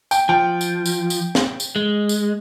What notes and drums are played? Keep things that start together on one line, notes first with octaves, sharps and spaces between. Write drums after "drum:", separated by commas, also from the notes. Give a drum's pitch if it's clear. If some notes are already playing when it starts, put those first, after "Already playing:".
G5, drum: tambourine
F3 G5
drum: tambourine
drum: tambourine
drum: tambourine
drum: snare
drum: tambourine
G#3
drum: tambourine